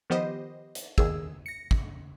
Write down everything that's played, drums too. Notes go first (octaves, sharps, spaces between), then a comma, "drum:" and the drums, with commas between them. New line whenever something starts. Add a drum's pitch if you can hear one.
D#3 F3 B3 G4 C5 D#5
drum: hi-hat
D#2 D#3 G#4 E6, drum: kick
A#6 C#7
drum: kick